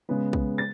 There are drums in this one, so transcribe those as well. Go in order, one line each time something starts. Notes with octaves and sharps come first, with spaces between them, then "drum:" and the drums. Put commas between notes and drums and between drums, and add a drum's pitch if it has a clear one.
C#3 G#3 B3
drum: kick
A6